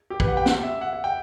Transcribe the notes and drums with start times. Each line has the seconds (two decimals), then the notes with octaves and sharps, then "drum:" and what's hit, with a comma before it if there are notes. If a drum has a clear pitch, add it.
0.10 G4
0.20 B4, drum: kick
0.28 F#5
0.37 G5
0.46 F#5, drum: snare
0.63 E5
0.81 F#5
0.93 F#5
1.04 G5